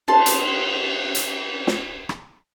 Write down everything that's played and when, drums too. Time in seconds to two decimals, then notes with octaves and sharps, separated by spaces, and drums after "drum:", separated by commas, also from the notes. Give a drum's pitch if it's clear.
0.08 A4 A5 C6, drum: cymbal
0.26 drum: hi-hat
1.15 drum: hi-hat
1.67 drum: snare
2.09 drum: rim click